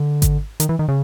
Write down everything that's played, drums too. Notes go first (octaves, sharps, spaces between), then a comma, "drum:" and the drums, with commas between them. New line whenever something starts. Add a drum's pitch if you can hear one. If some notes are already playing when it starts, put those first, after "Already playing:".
Already playing: D3
drum: kick G#1, hi-hat
D#3, drum: hi-hat
E3
D#3
C#3